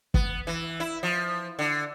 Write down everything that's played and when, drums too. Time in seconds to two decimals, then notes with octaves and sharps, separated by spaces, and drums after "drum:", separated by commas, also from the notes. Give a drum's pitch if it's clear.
0.14 B3, drum: kick
0.47 E3
0.80 E4
1.03 F3
1.59 D3